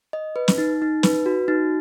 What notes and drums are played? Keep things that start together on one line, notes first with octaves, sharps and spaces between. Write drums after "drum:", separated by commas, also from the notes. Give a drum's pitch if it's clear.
D#5
B4
drum: snare
D#4
D#4
B4, drum: snare
F#4
D#4